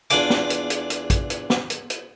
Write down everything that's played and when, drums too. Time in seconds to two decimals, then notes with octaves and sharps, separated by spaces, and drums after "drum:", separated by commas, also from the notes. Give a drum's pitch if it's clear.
0.10 E2 D4 F4 G#5 D6, drum: hi-hat
0.30 drum: snare
0.50 drum: hi-hat
0.70 drum: hi-hat
0.90 drum: hi-hat
1.10 drum: kick A1, hi-hat
1.30 drum: hi-hat
1.50 drum: snare
1.70 drum: hi-hat
1.90 drum: hi-hat